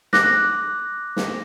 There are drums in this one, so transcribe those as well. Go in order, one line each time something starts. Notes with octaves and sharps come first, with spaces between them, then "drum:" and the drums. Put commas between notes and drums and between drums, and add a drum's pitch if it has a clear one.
D6 F#6 A#6, drum: snare
drum: snare